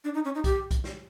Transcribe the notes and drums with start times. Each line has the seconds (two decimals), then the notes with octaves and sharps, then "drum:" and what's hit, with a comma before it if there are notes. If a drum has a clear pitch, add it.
0.04 D4
0.14 D#4
0.25 C#4
0.35 D#4
0.44 G4, drum: kick B1, hi-hat
0.71 drum: kick B1, hi-hat
0.84 drum: snare